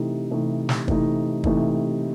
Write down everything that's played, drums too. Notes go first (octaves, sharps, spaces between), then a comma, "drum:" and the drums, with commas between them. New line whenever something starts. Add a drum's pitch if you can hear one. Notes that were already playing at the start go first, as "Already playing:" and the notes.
Already playing: C3 E3 A3 D#4
C3 E3 A3 D#4
drum: snare
C3 E3 A3 D#4, drum: kick
C3 E3 A3 D#4, drum: kick